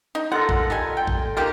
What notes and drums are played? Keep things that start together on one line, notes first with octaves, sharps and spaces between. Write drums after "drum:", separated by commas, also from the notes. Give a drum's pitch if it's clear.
D#4
F4 A4 A#4 F#5
drum: kick
G3 D#4 G#5
G5
drum: kick
G#3 A#3 D#4 F4 G4